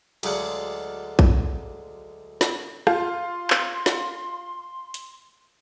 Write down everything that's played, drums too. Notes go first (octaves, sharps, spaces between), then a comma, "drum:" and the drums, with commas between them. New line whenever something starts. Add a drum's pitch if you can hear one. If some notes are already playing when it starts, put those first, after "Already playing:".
D2 F#3 G#3 D5 F5 F#5, drum: cymbal
drum: kick A#1
drum: snare
F4 C6, drum: rim click
drum: clap
drum: snare
drum: hi-hat